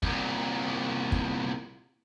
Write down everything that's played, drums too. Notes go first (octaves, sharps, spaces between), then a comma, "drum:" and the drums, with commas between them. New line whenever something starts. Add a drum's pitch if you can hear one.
C2 A#2, drum: kick
drum: kick